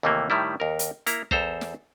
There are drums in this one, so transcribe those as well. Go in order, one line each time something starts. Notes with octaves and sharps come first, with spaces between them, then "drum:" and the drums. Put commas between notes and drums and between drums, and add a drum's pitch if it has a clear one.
D#2 C3 E3 A3 A#3
A2 D#3 G3 E4
D#2 A#4
drum: hi-hat
A#3 E4 A#5, drum: hi-hat
E2 A4 C5 A#5, drum: kick
drum: snare